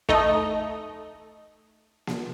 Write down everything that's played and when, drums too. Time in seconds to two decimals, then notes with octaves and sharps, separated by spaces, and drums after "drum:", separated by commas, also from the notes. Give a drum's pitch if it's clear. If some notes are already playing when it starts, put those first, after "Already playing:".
0.09 A3 D#4 D#5, drum: kick
2.07 drum: snare A#3